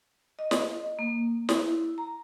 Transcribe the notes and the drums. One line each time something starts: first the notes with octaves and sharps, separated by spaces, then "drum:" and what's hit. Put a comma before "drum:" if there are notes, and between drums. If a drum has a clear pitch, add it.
D#5
drum: snare
A#3
E4, drum: snare
A#5